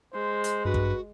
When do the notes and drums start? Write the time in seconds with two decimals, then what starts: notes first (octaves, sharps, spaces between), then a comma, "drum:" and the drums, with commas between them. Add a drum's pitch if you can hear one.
0.13 G#3 C5
0.44 drum: hi-hat
0.65 G2 F#4 B4
0.74 drum: kick